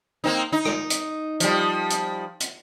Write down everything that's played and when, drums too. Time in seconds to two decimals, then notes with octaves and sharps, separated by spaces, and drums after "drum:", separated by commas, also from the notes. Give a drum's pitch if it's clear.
0.24 A#3 C4 D#4
0.52 D#4
0.65 drum: rim click
0.90 drum: hi-hat
1.40 F3 G3, drum: hi-hat
1.90 drum: hi-hat
2.40 drum: hi-hat